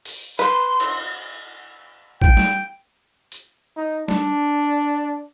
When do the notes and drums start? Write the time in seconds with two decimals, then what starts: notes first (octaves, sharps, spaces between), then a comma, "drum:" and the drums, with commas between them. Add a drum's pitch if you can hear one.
0.05 drum: open hi-hat
0.39 B4 C6, drum: hi-hat
0.80 drum: cymbal
2.22 G5, drum: kick
2.37 drum: snare
3.32 drum: hi-hat
3.76 D#4
4.08 D4, drum: snare